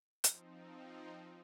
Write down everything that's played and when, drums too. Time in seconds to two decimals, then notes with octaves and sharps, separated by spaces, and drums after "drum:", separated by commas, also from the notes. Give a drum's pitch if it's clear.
0.24 F3 C4 D#4, drum: hi-hat